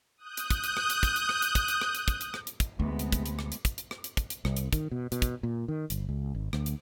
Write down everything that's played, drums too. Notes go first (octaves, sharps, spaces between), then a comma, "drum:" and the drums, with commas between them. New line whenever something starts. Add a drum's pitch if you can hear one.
D#6 F#6 G6
drum: hi-hat
drum: kick, hi-hat
drum: hi-hat
drum: rim click
drum: hi-hat
drum: kick, hi-hat
drum: hi-hat
drum: rim click
drum: hi-hat
drum: kick, hi-hat
drum: hi-hat
drum: rim click
drum: hi-hat
drum: kick, hi-hat
drum: hi-hat
drum: rim click
drum: hi-hat
drum: kick, hi-hat
D2 C3 G#3 A3 B3
drum: hi-hat
drum: kick, hi-hat
drum: hi-hat
drum: rim click
drum: hi-hat
drum: kick, hi-hat
drum: hi-hat
drum: rim click
drum: hi-hat
drum: kick, hi-hat
drum: hi-hat
C2, drum: rim click
drum: hi-hat
D#3, drum: kick, hi-hat
B2
B2, drum: hi-hat
drum: kick, hi-hat
A#2
D#3
G1, drum: hi-hat
C#2
G#1
D2, drum: rim click
drum: hi-hat